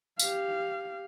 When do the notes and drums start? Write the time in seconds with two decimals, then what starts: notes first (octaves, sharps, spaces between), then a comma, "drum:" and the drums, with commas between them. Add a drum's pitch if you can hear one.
0.19 G4 F5, drum: tambourine